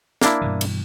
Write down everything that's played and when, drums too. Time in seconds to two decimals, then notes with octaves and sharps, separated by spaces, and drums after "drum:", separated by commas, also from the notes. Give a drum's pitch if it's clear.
0.21 A#3 D4 E4, drum: snare
0.42 G2 B2 E3
0.61 drum: cymbal